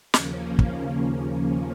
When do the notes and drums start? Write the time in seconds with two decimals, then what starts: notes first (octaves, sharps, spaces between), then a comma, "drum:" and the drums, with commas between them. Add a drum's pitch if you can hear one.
0.14 D#2 C#3 F3 A#3 C#4, drum: snare
0.59 drum: kick